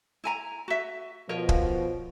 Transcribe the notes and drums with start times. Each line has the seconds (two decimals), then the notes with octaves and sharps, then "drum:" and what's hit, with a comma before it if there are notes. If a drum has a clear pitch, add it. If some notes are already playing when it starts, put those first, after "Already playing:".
0.24 E4 G#5 A#5
0.68 F#4 E5
1.29 B2 F3 A#4 C#5 D#5
1.49 drum: kick